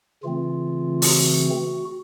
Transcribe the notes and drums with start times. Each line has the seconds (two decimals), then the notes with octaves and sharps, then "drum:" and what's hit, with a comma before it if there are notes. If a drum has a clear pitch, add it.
0.23 C#3 E3 A3 C4 F4
1.02 F#4, drum: open hi-hat